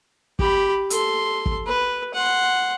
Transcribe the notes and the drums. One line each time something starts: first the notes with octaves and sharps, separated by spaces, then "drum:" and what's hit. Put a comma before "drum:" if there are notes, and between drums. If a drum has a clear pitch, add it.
G4 B5, drum: kick
A4 C6, drum: hi-hat
drum: kick
B4
F#5 C6